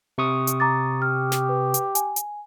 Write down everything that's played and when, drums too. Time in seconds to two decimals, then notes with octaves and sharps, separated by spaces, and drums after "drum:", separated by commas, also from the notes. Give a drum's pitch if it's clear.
0.18 C3 C#6 D#6
0.47 drum: hi-hat
0.60 A#5 D6 A6
1.02 G4 F6
1.32 drum: snare
1.49 B4
1.74 drum: hi-hat
1.95 G#5, drum: hi-hat
2.16 drum: hi-hat